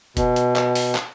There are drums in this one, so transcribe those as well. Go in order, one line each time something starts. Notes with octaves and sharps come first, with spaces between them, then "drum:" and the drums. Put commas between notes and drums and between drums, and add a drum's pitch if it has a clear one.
B2, drum: kick F1, hi-hat
drum: hi-hat
drum: clap
drum: open hi-hat
drum: clap